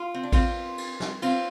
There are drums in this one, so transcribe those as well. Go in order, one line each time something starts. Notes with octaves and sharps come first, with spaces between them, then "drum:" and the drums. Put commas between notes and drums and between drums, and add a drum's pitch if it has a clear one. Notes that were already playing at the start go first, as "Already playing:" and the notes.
Already playing: F4
C4
D4
C4 F4, drum: kick A1, cymbal
drum: cymbal
drum: snare
C4 F4, drum: cymbal